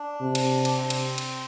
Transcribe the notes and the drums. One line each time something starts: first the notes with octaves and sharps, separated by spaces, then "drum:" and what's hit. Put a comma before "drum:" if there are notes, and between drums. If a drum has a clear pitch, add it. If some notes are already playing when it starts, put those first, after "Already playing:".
Already playing: D4
C3
drum: cymbal
D4, drum: cymbal
C4
drum: cymbal
drum: cymbal